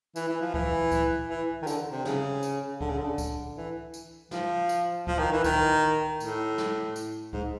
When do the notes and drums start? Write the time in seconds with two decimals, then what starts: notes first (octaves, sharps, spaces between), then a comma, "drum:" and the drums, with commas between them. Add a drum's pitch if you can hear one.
0.16 E3, drum: tambourine
0.29 E3
0.41 F3
0.54 E3, drum: kick C#2
0.92 drum: kick C#2, tambourine
1.29 E3
1.62 D#3
1.67 D3, drum: tambourine
1.92 C3
2.05 C#3, drum: snare
2.43 drum: tambourine
2.81 D3, drum: kick C#2
2.90 C#3
2.98 D3
3.18 drum: kick C#2, tambourine
3.56 E3
3.94 drum: tambourine
4.31 F3, drum: snare
4.69 drum: tambourine
5.07 F3, drum: kick C#2
5.19 D#3
5.32 E3
5.44 D#3, drum: kick C#2, tambourine
6.20 A2, drum: tambourine
6.58 drum: snare
6.96 drum: tambourine
7.33 G#2, drum: kick C#2